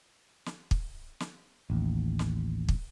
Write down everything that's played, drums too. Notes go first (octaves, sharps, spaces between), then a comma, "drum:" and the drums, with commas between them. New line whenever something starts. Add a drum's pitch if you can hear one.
drum: snare
drum: kick
drum: snare
A1 D#2
drum: snare
drum: kick